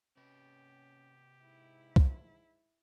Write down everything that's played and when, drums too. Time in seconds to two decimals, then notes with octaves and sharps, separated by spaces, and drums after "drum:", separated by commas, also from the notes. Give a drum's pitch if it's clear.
0.17 C3 C#4 G4 B4
1.42 G#2 E4
1.96 drum: kick C2